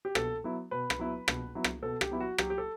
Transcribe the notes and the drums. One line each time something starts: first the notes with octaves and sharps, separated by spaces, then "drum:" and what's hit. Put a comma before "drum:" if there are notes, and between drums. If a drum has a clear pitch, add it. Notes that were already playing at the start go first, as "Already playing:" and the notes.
G4
B2 A4, drum: rim click
F#3 B3 E4
B2 B4
drum: rim click
F#3 B3 E4
B2, drum: rim click
F#3 B3 E4
drum: rim click
B2 A4
G4, drum: rim click
F#3 B3 E4
F#4
F#3 G4, drum: rim click
G4
A4